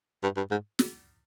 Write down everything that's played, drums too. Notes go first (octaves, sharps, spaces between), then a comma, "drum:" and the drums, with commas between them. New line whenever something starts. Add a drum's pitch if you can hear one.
G2
G2
G#2
drum: snare